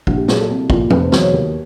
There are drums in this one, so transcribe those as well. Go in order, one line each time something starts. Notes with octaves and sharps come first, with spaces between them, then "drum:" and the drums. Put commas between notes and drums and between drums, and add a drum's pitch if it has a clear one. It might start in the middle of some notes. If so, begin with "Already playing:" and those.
A#1 F#4, drum: kick
G4
A#2 F#3 G#4, drum: snare
A4
C2
A#2 F3, drum: kick
F1 B4, drum: tom F3
C5
E2 B2 F#3 C5, drum: snare
C#5
D#2